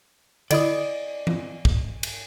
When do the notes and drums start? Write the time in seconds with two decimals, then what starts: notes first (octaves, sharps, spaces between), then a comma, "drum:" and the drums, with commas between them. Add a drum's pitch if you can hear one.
0.51 D3 E4 D5 D#5 D#6, drum: cymbal
1.27 drum: tom E3
1.65 drum: kick
2.03 drum: cymbal